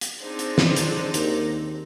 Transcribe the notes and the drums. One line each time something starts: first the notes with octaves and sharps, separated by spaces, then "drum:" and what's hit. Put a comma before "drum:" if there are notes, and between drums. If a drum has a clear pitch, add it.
drum: hi-hat
C4 D4 D#4 G#4 C5
drum: hi-hat
drum: snare
drum: hi-hat
D#2, drum: hi-hat